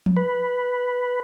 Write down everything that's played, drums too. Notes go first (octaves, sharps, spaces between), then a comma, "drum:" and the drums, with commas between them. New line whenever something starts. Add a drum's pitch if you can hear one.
drum: tom F3
B4